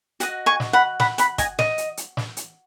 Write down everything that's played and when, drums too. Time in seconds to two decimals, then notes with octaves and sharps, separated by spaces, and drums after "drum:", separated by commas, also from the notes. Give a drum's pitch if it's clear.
0.20 F#4 D#5 F#5, drum: hi-hat
0.46 G#5 C#6
0.60 drum: snare
0.73 F#5 B5
1.00 F#5 B5, drum: snare
1.18 F#5 B5, drum: hi-hat
1.38 D#5 G#5, drum: kick, hi-hat
1.59 D#5, drum: snare
1.78 drum: hi-hat
1.97 drum: hi-hat
2.17 drum: snare
2.37 drum: hi-hat